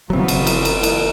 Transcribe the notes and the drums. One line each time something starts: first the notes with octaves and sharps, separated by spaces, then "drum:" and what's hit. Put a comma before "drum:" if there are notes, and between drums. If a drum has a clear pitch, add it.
F#1 C#3 E3 F#3 B3 C4 F4
drum: cymbal
drum: cymbal
drum: cymbal
drum: cymbal